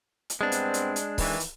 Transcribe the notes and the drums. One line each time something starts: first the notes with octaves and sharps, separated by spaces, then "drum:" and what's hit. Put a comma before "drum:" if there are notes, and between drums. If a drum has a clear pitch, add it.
drum: hi-hat
G2 G#3 B3 C4 D4
drum: hi-hat
drum: hi-hat
drum: hi-hat
F2 D#3 E3, drum: kick C#1, open hi-hat
drum: hi-hat